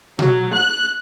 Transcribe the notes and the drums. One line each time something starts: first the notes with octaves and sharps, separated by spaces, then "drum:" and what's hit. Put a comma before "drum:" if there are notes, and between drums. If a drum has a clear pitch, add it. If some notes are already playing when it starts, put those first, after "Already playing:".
F#3, drum: tom B2
F#6